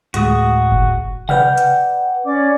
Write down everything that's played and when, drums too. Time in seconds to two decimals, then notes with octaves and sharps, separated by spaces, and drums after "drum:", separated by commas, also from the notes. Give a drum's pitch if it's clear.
0.14 D2 A2 G#3 F#4 D#6, drum: hi-hat
0.72 drum: kick F#1
1.29 B4 D5 F#5 G5 F6 G6, drum: tom C3
1.58 drum: hi-hat
2.24 C#4 D5 D6